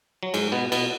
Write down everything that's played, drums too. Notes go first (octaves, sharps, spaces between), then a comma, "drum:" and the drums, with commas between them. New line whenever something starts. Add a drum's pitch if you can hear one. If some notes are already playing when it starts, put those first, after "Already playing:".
F#3
G#2 G#3, drum: cymbal
B2 B3
B2 B3, drum: cymbal